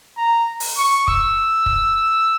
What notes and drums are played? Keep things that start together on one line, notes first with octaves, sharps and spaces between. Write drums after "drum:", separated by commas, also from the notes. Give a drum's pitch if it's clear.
A#5
drum: open hi-hat
C#6
E6, drum: kick
drum: kick